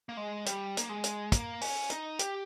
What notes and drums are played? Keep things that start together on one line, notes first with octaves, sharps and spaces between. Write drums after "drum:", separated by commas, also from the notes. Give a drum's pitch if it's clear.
A#3
G#3
G3, drum: hi-hat
A#3, drum: hi-hat
G#3
drum: hi-hat
A#3, drum: kick, hi-hat
C#4, drum: open hi-hat
D#4, drum: hi-hat
G4, drum: hi-hat